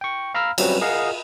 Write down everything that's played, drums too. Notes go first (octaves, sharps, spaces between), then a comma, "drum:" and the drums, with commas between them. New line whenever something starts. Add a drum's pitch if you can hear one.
G5 C#6
F5 A#5 B5 E6 F6
F#3 G3 C4 C#4 F#4 B4, drum: cymbal
G#4 A#4 D#5 F5 F#5